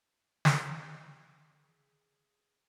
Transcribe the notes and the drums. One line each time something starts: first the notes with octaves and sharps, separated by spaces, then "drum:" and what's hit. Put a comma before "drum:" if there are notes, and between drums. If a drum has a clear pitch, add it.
drum: snare
G5
G#4